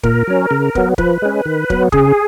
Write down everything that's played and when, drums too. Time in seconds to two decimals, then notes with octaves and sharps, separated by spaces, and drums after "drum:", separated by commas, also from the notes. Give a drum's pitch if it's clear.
0.03 A#2 A#4, drum: kick
0.27 F#3 C#4
0.51 C#3
0.75 F#3 B3, drum: kick
0.98 F3 B4, drum: kick
1.22 G#3 C#4
1.45 D#3
1.70 F#3 B3, drum: kick
1.92 C#3 G#4, drum: kick